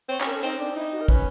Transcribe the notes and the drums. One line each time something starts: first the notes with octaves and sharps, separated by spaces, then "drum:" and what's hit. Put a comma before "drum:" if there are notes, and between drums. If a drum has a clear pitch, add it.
C4 C#5
C#4, drum: clap
A#4
C#4 A4
C4 D#4, drum: hi-hat
D4
D#4 E4
F#4
A#4
C#4 B4, drum: kick